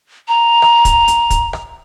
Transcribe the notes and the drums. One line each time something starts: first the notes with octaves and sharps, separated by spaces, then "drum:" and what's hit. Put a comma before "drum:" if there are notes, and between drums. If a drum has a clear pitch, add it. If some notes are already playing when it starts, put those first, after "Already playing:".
A#5
drum: rim click
drum: kick, hi-hat
drum: hi-hat
drum: kick, hi-hat
drum: rim click